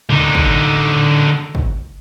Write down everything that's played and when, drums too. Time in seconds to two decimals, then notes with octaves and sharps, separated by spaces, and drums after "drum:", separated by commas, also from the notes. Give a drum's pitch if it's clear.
0.10 D3 D#4, drum: tom
0.35 drum: kick
1.55 drum: kick